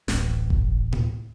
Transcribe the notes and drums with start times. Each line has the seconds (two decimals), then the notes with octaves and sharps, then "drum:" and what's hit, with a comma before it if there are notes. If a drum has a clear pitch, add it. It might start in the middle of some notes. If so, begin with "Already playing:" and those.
0.08 D1 A1, drum: snare
0.50 drum: kick G1
0.92 drum: tom A2